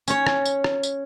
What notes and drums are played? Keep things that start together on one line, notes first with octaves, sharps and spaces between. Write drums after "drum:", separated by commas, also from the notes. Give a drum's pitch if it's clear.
C#4 C#5, drum: tambourine
drum: rim click
drum: tambourine
drum: rim click
drum: tambourine